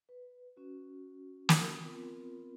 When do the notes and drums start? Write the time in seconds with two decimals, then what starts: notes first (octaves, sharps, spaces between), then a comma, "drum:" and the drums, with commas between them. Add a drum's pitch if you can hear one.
0.09 B4
0.57 C#4 F#4
1.49 drum: snare
1.83 B3 C4 F4 A#4